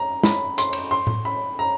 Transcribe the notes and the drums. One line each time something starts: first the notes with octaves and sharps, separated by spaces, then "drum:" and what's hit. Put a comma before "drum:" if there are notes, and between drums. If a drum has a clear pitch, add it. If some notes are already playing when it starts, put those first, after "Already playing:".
Already playing: A#5
B5, drum: snare
C6, drum: hi-hat
drum: cymbal
C6
drum: tom A2
B5
A#5